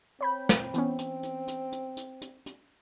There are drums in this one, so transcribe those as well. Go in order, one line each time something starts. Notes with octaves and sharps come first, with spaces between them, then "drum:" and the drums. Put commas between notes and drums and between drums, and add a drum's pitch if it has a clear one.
C4 C#5 B5 G6
drum: snare
E3 B3 C#4, drum: hi-hat
drum: hi-hat
drum: hi-hat
drum: hi-hat
drum: hi-hat
drum: hi-hat
drum: hi-hat
drum: hi-hat